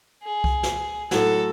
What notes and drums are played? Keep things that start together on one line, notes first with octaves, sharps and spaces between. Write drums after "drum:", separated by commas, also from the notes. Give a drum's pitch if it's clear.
G#4
drum: kick C2
drum: snare
A2 F#3 A4, drum: snare